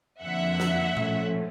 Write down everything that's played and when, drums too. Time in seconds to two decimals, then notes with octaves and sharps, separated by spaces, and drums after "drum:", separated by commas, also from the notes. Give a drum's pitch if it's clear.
0.22 F2 D3 F3 A#3 E5 F#5
0.60 drum: snare
0.97 A2 F3 A3 C#4, drum: tom A#2